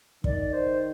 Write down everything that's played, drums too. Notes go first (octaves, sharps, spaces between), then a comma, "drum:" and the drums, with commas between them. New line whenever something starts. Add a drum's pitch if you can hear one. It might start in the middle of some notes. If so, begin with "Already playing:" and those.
D#3 D5, drum: kick
C5